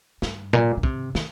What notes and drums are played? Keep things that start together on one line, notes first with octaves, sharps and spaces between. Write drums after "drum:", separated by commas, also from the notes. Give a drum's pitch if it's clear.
G2, drum: snare
A#2, drum: tom A#2
D3
C3, drum: kick
D#3, drum: snare